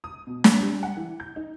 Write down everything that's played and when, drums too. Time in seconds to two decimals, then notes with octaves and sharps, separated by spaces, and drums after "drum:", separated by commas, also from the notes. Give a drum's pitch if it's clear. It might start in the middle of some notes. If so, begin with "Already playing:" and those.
0.04 D#6
0.27 B2
0.44 drum: snare
0.61 G3
0.83 F#5
0.97 E3
1.20 G6
1.36 D#4